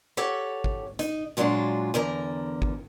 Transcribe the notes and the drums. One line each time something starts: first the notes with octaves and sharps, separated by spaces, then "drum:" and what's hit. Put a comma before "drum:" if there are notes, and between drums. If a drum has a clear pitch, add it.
G4 A4 C#5 F#5
drum: kick G#1
D#4, drum: hi-hat
A#2 F#3 G#3 D4 F4 F#4
E2 D3 A#4 A#5
drum: kick G#1